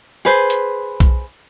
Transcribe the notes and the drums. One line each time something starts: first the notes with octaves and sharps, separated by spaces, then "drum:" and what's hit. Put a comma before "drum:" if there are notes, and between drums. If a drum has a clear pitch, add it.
G#4 B4 C5
drum: hi-hat
drum: kick B1, hi-hat